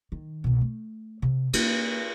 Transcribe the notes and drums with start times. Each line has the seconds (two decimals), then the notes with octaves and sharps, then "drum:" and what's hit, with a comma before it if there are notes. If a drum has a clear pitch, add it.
0.12 D#3
0.44 C2 B2
0.61 A3
1.22 C3
1.53 A#3, drum: cymbal